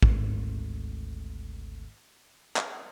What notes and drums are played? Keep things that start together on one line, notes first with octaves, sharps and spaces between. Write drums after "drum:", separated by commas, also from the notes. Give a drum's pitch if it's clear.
G#1 D2, drum: kick A1
drum: clap